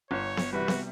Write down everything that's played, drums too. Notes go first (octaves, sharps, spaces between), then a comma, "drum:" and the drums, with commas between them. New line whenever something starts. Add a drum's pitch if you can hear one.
G1 C#5
drum: snare B3
C3 E3 G3 F#4 B4
drum: snare B3